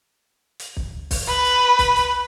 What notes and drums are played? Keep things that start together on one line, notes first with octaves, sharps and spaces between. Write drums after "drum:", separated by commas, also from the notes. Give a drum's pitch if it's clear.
drum: hi-hat
drum: kick
drum: kick, open hi-hat
B4
drum: hi-hat
drum: kick, hi-hat
drum: hi-hat